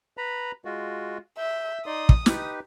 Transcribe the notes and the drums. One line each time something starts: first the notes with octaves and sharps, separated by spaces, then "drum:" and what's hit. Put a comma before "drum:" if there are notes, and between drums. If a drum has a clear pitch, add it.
B4 A#5 B5
G#3 F4 F#4
E5 G6
D#4 D5 C6 D#6
drum: kick
D#4 G4 B4, drum: snare